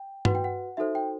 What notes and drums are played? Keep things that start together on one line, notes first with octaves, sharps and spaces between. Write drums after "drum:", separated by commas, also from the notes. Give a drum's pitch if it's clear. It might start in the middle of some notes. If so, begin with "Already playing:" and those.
Already playing: G5
F#4 B4 F#5, drum: tom G2
G5
F#5
D#4 F#4 A4 C5 E5
G5